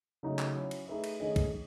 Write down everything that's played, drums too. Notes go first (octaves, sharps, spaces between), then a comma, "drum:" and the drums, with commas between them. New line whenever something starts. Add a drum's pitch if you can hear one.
C#3 F#3 A3 D#4 F#4
drum: clap
F#3 C#4 E4
drum: cymbal
A3 D#4 G#4 B4 E5
drum: cymbal
D#3 A3 C#4 G#4 D#5
drum: kick, cymbal